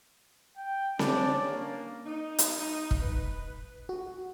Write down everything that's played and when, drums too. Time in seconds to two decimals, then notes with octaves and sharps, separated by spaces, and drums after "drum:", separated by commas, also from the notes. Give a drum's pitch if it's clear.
0.57 G5
0.99 C#4 D4 D5, drum: snare C4
1.44 A#3
2.06 D#4
2.39 drum: hi-hat
2.60 D#4
2.91 drum: kick
3.02 B4
3.89 F#4